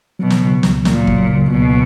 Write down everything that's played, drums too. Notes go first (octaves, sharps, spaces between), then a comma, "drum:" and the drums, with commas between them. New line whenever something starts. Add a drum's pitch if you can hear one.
B2 F#3
drum: snare
C#3
C#2, drum: snare
A#2 A#3, drum: snare
F#3, drum: kick
C#3
C#2 B2